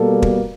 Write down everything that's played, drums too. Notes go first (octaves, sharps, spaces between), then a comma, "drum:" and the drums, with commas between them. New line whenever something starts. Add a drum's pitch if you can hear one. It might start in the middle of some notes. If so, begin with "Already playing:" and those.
Already playing: B2 G3 A#3 A4
drum: kick